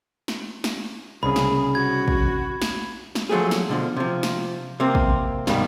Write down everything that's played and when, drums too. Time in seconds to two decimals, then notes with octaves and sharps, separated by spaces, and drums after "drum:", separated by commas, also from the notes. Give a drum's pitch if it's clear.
0.28 drum: snare
0.64 drum: snare
1.23 C2 C#3 G#4 B5
1.36 drum: snare
1.75 F#4 G#6
2.08 drum: kick
2.62 drum: snare
3.15 drum: snare
3.29 F3 F#3 A3 G#4
3.51 drum: snare
3.69 B2 D3 F3
3.96 C3 F3
4.23 drum: snare
4.80 C3 A#3 C4
4.95 drum: kick
5.47 G2 B2 D#3 G3, drum: snare